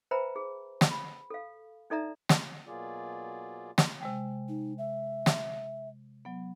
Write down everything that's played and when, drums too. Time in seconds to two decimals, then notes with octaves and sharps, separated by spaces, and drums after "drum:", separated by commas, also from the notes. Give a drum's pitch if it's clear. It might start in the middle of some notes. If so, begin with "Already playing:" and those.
0.11 B4 C5 E5 G5 A#5 B5
0.36 G#4
0.81 drum: snare
0.91 B5
1.30 A4 F5
1.90 D4 D#4 A4 D5 E5 A#5
2.29 drum: snare
2.66 B2 F#3 A#3 F4 G#4 D5
3.78 drum: snare
4.01 C3 G#3 G5
4.49 D#4
4.78 E5
5.26 drum: snare
6.25 F#3 B3